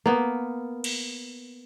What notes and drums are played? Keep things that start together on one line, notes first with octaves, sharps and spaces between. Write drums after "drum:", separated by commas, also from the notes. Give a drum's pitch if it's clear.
A#3 B3
drum: cymbal